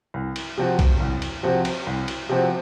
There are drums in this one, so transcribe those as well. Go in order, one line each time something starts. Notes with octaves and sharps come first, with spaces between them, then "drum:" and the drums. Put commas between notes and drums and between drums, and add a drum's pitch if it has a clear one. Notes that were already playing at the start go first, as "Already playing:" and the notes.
C2
drum: cymbal
C3 F3 C4 F#4
drum: kick B1, cymbal
C2
drum: cymbal
C3 F3 C4 F#4
drum: cymbal
C2
drum: cymbal
C3 F3 C4 F#4